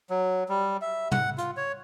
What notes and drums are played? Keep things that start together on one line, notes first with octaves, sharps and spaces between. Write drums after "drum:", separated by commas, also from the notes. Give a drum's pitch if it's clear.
F#3
G3
E5
F#5, drum: tom
F4, drum: hi-hat
C#5